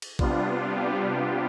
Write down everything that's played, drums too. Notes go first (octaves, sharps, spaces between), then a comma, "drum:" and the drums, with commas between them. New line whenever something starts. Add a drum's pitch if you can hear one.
drum: cymbal
C3 G3 B3 D4 F4, drum: kick
G4